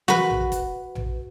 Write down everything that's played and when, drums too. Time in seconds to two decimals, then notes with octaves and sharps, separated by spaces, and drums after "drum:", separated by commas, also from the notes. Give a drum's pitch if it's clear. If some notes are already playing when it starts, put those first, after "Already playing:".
0.08 F#4 B4, drum: tom
0.30 drum: tom A#1
0.52 drum: kick, hi-hat
0.95 drum: tom A#1